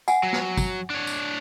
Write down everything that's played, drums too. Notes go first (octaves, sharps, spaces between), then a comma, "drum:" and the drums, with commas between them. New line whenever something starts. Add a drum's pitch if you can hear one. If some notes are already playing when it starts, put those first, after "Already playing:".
F#5 G#5, drum: tambourine
F#3
drum: snare
drum: kick, tambourine
D4 C#5
drum: tambourine